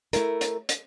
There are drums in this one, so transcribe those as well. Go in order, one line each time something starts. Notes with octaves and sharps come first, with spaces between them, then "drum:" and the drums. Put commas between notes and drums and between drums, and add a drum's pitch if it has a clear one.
A3 E4 A#4, drum: hi-hat
drum: hi-hat
drum: hi-hat